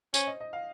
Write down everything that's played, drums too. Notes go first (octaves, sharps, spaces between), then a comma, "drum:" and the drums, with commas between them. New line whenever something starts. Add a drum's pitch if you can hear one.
C#4 C5, drum: tambourine
D#5
D#5
F5